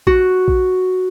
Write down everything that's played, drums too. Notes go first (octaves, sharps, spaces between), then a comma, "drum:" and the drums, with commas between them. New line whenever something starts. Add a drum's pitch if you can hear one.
F#4, drum: kick A#1
drum: kick A#1